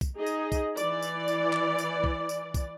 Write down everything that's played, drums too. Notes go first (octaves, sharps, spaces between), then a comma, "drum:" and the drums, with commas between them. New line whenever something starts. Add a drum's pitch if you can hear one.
drum: kick, tambourine
D#4 G#4 D#5
drum: tambourine
drum: kick, tambourine
E3 D5, drum: tambourine
drum: tambourine
drum: tambourine
drum: clap
drum: tambourine
drum: kick
drum: tambourine
drum: kick, tambourine